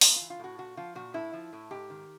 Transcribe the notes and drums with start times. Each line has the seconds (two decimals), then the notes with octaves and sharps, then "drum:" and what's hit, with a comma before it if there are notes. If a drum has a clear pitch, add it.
0.01 A2 B3, drum: open hi-hat
0.16 E3 F4
0.30 F4
0.39 A2 F#4
0.58 A#2 F#4
0.77 F3 F4
0.95 A#2 F#4
1.14 A2 E4
1.33 F3
1.53 A2
1.71 G#2 G4
1.90 D#3